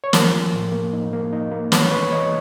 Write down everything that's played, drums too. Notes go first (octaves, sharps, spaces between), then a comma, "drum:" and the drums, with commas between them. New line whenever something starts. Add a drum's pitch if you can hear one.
C#5
F3 A#4 C5, drum: snare
F3
A2
A#3
D#4
A#3
D#4
A#3
E4 B4 C#5, drum: snare
E3 B4 C#5
E3 C#5 D#5